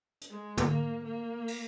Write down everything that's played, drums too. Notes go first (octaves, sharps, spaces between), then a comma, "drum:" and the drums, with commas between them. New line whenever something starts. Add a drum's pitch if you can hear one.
drum: hi-hat
G#3
drum: tom
A#3
A#3
drum: cymbal